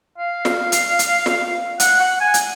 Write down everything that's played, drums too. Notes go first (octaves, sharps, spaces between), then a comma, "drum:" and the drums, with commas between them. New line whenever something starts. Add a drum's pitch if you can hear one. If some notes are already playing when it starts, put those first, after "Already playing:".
F5
drum: snare
drum: hi-hat
drum: hi-hat
drum: snare
F#5, drum: hi-hat
F#5
G#5
drum: hi-hat